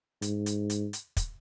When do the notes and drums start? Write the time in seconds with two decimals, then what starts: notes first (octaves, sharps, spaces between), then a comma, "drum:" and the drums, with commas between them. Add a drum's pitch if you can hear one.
0.22 G#2, drum: hi-hat
0.46 drum: hi-hat
0.70 drum: hi-hat
0.93 drum: hi-hat
1.17 drum: kick, hi-hat